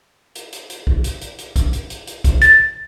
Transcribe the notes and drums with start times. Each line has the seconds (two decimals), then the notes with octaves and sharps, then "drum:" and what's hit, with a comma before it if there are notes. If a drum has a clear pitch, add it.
0.35 drum: hi-hat
0.53 drum: hi-hat
0.70 drum: hi-hat
0.87 drum: kick
1.04 drum: hi-hat
1.21 drum: hi-hat
1.38 drum: hi-hat
1.56 drum: kick, hi-hat
1.73 drum: hi-hat
1.90 drum: hi-hat
2.07 drum: hi-hat
2.24 drum: kick, hi-hat
2.42 A6, drum: hi-hat